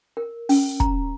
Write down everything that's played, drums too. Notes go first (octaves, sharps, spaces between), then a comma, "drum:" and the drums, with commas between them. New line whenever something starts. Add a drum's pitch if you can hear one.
A#4
C#4, drum: open hi-hat
A#5, drum: kick